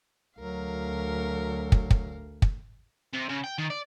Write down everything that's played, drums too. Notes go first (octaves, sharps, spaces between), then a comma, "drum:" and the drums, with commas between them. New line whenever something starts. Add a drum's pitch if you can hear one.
D2 F#3 A#4 F5
drum: kick
drum: kick
drum: kick
C3
C#3
G5
D#3
D5